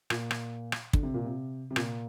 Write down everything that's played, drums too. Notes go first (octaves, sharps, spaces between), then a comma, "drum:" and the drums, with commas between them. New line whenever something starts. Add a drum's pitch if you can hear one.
A#2, drum: rim click
drum: rim click
drum: rim click
D3, drum: kick
C3
A#2
C3
C3
A#2, drum: rim click